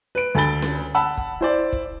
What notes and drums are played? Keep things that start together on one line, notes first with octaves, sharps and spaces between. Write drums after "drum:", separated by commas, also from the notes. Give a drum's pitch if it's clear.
B4 D7
D2 A4 B5 A6 G7
drum: snare C#4
F#5 A5 B5 E6
drum: kick
E4 C5 D5
drum: kick